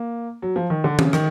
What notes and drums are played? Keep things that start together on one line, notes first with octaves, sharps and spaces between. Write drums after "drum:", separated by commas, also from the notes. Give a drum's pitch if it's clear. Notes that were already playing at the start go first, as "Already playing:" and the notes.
Already playing: A#3
F#3
F3
D#3
D3
C#3, drum: tom D#3
D#3, drum: rim click